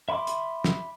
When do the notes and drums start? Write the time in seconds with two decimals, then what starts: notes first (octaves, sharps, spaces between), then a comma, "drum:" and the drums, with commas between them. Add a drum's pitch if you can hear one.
0.09 E5 B5 C6 D6
0.27 drum: hi-hat
0.64 drum: snare